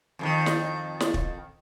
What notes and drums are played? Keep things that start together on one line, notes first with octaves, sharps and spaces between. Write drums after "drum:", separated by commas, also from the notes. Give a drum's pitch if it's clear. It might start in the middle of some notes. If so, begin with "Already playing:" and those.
F2 C3 D#3
drum: snare
drum: snare
drum: kick